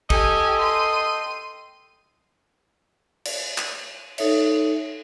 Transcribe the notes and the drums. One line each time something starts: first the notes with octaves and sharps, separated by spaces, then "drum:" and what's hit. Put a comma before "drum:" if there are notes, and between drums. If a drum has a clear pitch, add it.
G4 A4 D#5 G5 G#5, drum: kick
C6 D#7
drum: cymbal
drum: clap
D#4 A4 C#5 E5, drum: cymbal